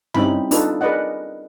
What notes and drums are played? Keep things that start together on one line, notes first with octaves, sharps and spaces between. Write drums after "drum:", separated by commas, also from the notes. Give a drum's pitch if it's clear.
G3 C4 C#4 D#4 E4 B5, drum: tom G2
D4 D#4 F4 A4 B4, drum: open hi-hat
G#4 A#4 B4 D5 D#5 F#5